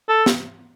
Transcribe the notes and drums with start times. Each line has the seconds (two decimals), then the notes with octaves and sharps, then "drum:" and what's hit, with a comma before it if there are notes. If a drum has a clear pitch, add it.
0.09 A4
0.26 drum: snare